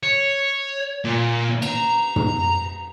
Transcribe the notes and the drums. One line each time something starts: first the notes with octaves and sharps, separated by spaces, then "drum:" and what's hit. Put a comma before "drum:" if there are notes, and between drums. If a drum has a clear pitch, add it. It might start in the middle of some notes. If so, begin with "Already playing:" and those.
C#5
A#2
A#5, drum: cymbal
drum: tom